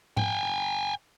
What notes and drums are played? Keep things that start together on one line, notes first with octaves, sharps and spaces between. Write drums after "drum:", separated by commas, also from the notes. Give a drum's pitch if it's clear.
G5 G#5, drum: tom G#2